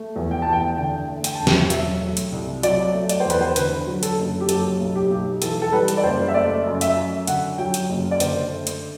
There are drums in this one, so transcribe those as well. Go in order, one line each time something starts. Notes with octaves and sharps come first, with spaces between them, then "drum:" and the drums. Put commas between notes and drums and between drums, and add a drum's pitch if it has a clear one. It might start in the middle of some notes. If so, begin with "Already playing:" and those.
Already playing: A3
E2
G5
E2 A5
G5
D3 G5
A3
G5, drum: hi-hat
E1 A5
G5, drum: snare
F#3 E5, drum: hi-hat
A3
drum: hi-hat
C2
F#3 D5, drum: hi-hat
A3
D5, drum: hi-hat
E2 C5
B4, drum: hi-hat
C5
D3 B4, drum: hi-hat
F#3
A4, drum: hi-hat
F#1
G4
F#3 A4, drum: hi-hat
B1
G4
B1
E3 A4, drum: hi-hat
A4
G3 B4
drum: hi-hat
D5
F#1 C5
E5
A3 D5
F#2
E5, drum: hi-hat
F#2
D3 F#5, drum: hi-hat
F#3 G5
drum: hi-hat
F#1
D5
D3 C5, drum: hi-hat
A3
drum: hi-hat